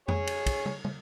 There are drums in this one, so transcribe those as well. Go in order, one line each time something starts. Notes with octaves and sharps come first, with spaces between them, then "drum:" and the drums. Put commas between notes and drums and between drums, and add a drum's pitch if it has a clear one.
G#4 C#5, drum: tom F2
drum: cymbal
drum: kick, cymbal
drum: tom
drum: tom